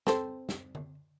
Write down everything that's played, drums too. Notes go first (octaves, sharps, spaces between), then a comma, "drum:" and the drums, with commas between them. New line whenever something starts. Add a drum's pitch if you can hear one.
C4 A4 C5, drum: snare
drum: snare
drum: tom D3